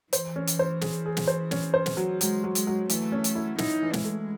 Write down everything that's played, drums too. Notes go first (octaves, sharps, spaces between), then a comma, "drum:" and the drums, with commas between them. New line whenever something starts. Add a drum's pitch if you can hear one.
E3 C5, drum: hi-hat
C#4
drum: hi-hat
C5
G#4, drum: snare
G#4
drum: snare
C5
C#4, drum: snare
C5
drum: snare
F#3
F#3 G#3, drum: hi-hat
F#3
G#3, drum: hi-hat
F#3
E3 A3, drum: hi-hat
C#4
drum: hi-hat
E4
D#4 E4, drum: snare
E3
G#3, drum: snare
A3